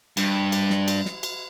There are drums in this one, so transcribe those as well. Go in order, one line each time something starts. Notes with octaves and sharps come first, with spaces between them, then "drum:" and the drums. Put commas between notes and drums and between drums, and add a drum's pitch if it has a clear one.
G2, drum: cymbal
drum: cymbal
drum: snare
drum: cymbal
drum: snare
drum: cymbal